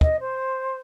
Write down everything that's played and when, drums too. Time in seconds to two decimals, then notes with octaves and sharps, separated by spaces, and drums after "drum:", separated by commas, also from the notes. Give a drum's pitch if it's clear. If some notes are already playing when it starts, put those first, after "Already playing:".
0.01 D#5, drum: kick
0.20 C5